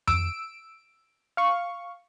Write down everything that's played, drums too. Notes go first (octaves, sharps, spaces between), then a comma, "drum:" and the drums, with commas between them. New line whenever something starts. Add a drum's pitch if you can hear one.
E6 D7, drum: tom F2
F5 C#6